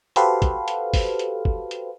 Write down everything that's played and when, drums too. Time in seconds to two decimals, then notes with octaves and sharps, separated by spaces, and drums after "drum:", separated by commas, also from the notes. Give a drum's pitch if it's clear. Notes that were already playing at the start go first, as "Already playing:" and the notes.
0.16 F#4 G4 A4 B4 C5 F5, drum: hi-hat
0.42 drum: kick, hi-hat
0.68 drum: hi-hat
0.94 drum: kick, open hi-hat
1.19 drum: hi-hat
1.45 drum: kick
1.71 drum: hi-hat